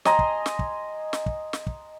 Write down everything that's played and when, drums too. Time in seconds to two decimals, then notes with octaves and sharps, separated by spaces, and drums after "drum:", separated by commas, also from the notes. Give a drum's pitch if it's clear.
0.05 D#5 G#5 A#5 C6, drum: snare
0.19 drum: kick
0.46 drum: snare
0.59 drum: kick
1.13 drum: snare
1.26 drum: kick
1.53 drum: snare
1.67 drum: kick